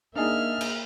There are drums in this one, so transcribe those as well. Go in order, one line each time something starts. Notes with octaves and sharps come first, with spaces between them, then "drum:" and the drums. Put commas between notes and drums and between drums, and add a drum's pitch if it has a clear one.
A#3 D4 D#4 G#4 E5 F6
drum: cymbal